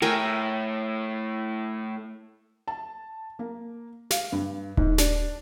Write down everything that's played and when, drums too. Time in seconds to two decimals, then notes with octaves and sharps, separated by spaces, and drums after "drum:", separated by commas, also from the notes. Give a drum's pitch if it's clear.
0.02 A2 A#4 G5 G#5
2.68 A5
3.39 A#3
4.11 F5, drum: snare
4.32 G2
4.77 G#2, drum: kick D#1
4.98 D4, drum: snare